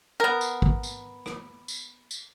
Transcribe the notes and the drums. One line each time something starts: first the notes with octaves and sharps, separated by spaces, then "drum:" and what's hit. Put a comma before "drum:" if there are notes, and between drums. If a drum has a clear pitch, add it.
B3 A#4
drum: tambourine
drum: kick
drum: tambourine
drum: rim click
drum: tambourine
drum: tambourine